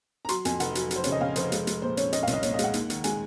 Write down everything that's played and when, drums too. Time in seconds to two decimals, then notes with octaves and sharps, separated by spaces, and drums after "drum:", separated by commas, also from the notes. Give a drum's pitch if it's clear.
0.25 A#5
0.29 F#3 C6, drum: hi-hat
0.45 F2 G#5, drum: hi-hat
0.60 F1 F#5, drum: hi-hat
0.75 F#3, drum: hi-hat
0.91 F#3, drum: hi-hat
0.96 C5
1.04 C#3 C#5, drum: hi-hat
1.12 D#5
1.21 C#3 F5
1.36 F1 C5, drum: hi-hat
1.52 G#3, drum: hi-hat
1.67 G#3, drum: hi-hat
1.82 A#2 C5
1.97 C#4 C#5, drum: hi-hat
2.13 C#4 D#5, drum: hi-hat
2.23 F5
2.27 C2, drum: hi-hat
2.33 D#5
2.43 A#2 C#5, drum: hi-hat
2.54 D#5
2.59 G#3, drum: hi-hat
2.64 F#5
2.74 D#2, drum: hi-hat
2.90 D#3, drum: hi-hat
3.04 G#3 G#5, drum: hi-hat